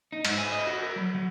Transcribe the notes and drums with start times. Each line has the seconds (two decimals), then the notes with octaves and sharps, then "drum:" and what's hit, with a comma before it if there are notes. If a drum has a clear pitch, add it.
0.12 D#4
0.25 G#2, drum: cymbal
0.38 G#5
0.52 D#5
0.67 F#4
0.82 A#4
0.96 F#3
1.15 F#3